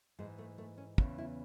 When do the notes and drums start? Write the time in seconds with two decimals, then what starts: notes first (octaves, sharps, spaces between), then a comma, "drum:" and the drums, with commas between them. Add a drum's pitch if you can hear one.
0.19 G#2 E3 G#3
0.38 A3
0.58 A3
0.78 C#4
0.98 E2 C#3 E3, drum: kick
1.18 E4